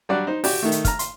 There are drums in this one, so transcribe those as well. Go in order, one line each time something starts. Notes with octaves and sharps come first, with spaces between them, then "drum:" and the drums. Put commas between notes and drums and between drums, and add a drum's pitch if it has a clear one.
F#3 G3 D4 F#4 D5 F#5
D#4 C5
F#4 G4 D5 G5, drum: open hi-hat
D#3 A3
drum: hi-hat
A#5 F6, drum: kick, hi-hat
C6, drum: hi-hat